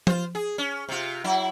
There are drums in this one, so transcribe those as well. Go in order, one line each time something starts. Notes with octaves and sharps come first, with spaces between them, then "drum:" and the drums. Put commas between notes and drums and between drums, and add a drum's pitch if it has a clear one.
F4 C5, drum: tom F3
G#4
C#4
C3 F4
F#3 E4